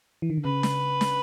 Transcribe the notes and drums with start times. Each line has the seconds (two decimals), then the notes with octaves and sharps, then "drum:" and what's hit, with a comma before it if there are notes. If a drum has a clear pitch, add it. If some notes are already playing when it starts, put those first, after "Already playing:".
0.22 E3
0.30 D#3
0.38 D3
0.44 C#3 B4
0.63 drum: snare
1.01 drum: snare